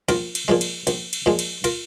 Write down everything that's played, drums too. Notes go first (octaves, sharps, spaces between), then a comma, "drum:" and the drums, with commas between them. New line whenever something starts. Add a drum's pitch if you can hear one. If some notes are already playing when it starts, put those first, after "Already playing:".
A#1 F4 A#4, drum: cymbal
drum: cymbal
A#2 F3 G#3
drum: cymbal
A#1, drum: cymbal
drum: cymbal
A#2 F3 G#3
drum: cymbal
F4 A#4, drum: cymbal